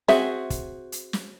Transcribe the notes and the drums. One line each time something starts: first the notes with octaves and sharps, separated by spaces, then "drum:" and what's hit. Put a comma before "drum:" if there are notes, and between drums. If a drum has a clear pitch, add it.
C4 F#4 G#4 E5, drum: snare
drum: kick, hi-hat
drum: hi-hat
drum: snare